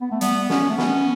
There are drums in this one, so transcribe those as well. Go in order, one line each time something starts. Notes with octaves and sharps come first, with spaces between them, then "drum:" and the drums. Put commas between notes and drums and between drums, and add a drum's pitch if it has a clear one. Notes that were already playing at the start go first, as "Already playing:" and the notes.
B3
A3
G3 B3, drum: hi-hat
B3 C#4, drum: snare
A3
B3 C#4, drum: snare